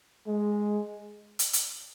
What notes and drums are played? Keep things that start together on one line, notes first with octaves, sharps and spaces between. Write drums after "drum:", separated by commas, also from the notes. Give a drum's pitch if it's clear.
G#3
drum: hi-hat
drum: hi-hat